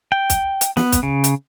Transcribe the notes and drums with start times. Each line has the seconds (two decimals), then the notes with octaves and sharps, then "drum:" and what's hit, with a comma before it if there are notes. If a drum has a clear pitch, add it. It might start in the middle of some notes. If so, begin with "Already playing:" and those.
0.12 G5
0.30 drum: kick, hi-hat
0.61 drum: hi-hat
0.77 B3, drum: snare
0.92 drum: kick, hi-hat
1.03 C#3
1.24 drum: hi-hat